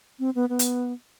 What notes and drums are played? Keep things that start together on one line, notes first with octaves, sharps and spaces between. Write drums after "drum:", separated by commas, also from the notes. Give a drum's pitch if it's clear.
C4
B3
B3
drum: hi-hat